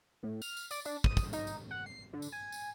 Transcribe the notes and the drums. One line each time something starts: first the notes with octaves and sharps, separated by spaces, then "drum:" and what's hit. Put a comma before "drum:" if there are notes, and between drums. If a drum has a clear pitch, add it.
A2
F6, drum: tambourine
drum: tambourine
D5, drum: tambourine
D4, drum: tambourine
D#6, drum: kick
drum: kick, tambourine
D#4, drum: tambourine
drum: tambourine
F#5
C7
D3
drum: tambourine
G#5
drum: tambourine